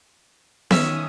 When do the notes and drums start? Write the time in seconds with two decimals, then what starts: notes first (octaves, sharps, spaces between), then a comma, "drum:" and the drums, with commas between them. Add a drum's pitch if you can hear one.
0.71 D#3 C#4 E5 D#6, drum: snare B3